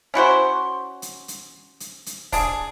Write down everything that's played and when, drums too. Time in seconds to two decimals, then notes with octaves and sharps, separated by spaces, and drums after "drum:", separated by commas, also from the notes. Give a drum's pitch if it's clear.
0.14 C#4 E4 F#4 C5
1.02 drum: hi-hat
1.28 drum: hi-hat
1.80 drum: hi-hat
2.06 drum: hi-hat
2.32 D4 G#4, drum: kick, open hi-hat